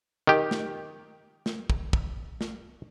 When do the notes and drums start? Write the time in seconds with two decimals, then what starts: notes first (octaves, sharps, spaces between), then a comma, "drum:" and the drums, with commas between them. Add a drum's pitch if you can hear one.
0.27 D#3 G4
0.51 drum: snare
1.46 drum: snare
1.70 drum: kick
1.93 drum: kick
2.41 drum: snare